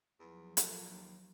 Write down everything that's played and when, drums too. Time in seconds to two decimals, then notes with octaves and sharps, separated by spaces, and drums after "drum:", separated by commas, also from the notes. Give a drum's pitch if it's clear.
0.20 E2 F3 F#3
0.57 A#2 E4 A4 A#4, drum: hi-hat
0.91 D#2